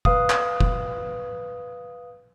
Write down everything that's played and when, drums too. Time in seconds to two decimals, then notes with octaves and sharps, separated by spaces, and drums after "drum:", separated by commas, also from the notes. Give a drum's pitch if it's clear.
0.05 B4 F5 D#6, drum: kick F1
0.30 drum: clap
0.61 drum: kick F1